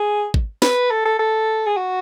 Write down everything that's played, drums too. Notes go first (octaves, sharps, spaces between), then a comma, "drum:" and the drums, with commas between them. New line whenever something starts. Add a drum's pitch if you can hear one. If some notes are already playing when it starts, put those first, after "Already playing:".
Already playing: G#4
drum: kick
B4, drum: snare
A4
A4
A4
G#4
F#4